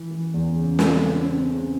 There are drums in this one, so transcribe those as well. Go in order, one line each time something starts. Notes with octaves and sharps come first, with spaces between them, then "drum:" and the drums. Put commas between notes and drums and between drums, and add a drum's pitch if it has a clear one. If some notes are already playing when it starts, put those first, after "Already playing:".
Already playing: E3
E3
E2
C#3
C4, drum: snare
C#3
C4
C#3